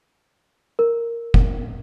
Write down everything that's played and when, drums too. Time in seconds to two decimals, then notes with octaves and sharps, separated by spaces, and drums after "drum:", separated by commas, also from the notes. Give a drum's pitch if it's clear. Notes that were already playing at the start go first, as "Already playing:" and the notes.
0.79 A#4
1.34 drum: kick F1